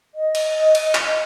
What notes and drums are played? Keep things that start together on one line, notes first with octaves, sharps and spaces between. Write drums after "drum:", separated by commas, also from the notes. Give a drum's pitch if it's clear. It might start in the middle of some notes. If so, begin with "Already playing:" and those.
D#5
drum: cymbal
drum: cymbal
drum: clap